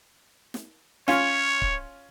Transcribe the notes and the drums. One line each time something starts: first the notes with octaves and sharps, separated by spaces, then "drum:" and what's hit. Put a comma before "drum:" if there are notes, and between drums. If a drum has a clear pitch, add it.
drum: snare
C#4 F4 C#5, drum: snare
drum: kick C#1